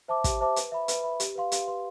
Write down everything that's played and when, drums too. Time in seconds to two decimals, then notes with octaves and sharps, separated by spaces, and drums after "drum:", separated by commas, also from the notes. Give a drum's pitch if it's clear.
0.08 C5 E5 A5 D6
0.24 G4, drum: kick, hi-hat
0.41 C5 E5 A5 D6
0.56 B4, drum: hi-hat
0.72 E5 B5
0.88 B4, drum: hi-hat
1.03 E5 B5
1.20 G4, drum: hi-hat
1.35 B4 F5 C6
1.52 G4, drum: hi-hat
1.68 B4 F5 C6